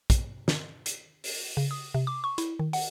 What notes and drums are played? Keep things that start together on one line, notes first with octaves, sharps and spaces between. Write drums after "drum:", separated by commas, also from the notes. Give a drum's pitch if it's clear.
drum: kick, hi-hat
drum: snare
drum: hi-hat
drum: open hi-hat
C#3
D#6
C3
D6
C#6
E4, drum: hi-hat
D#3
F#5, drum: open hi-hat